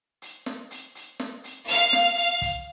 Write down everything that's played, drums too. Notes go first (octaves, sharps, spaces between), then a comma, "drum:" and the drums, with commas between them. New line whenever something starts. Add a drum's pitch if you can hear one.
drum: hi-hat
drum: snare
drum: hi-hat
drum: hi-hat
drum: snare
drum: hi-hat
F5, drum: hi-hat
drum: snare
drum: hi-hat
drum: kick, hi-hat